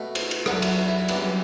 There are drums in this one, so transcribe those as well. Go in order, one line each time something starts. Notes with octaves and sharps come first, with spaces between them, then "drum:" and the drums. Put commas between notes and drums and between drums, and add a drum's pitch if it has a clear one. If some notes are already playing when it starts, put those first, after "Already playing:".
Already playing: B2 A3
C5, drum: cymbal
drum: cymbal
E2 D3 F#3 B4, drum: rim click
A4
E4, drum: cymbal
F#4
E4
E4
E4
F#2 E3 G3 B3 D4, drum: cymbal